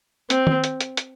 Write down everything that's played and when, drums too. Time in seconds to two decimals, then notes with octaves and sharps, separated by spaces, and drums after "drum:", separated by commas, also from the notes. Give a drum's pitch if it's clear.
0.30 C4, drum: hi-hat
0.47 drum: tom
0.64 drum: hi-hat
0.81 drum: hi-hat
0.97 drum: hi-hat